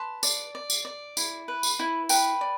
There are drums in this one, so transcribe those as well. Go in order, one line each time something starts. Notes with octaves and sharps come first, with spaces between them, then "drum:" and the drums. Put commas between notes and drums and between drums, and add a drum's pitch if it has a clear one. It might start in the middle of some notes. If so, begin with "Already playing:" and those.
Already playing: B4 A5 C6
D5, drum: tambourine
D5
drum: tambourine
D5
E4, drum: tambourine
B4
drum: tambourine
E4
B4 G5 B5, drum: tambourine
D5